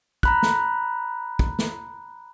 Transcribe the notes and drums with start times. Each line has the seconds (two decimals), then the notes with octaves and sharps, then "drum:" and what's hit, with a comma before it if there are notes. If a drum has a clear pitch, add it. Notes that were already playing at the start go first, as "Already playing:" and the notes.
0.23 A#5 B5 F#6, drum: kick
0.43 drum: snare
1.39 drum: kick
1.59 drum: snare